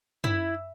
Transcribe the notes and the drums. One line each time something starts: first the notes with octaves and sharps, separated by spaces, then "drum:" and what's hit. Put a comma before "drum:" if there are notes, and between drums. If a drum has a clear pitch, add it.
E4, drum: tom F#2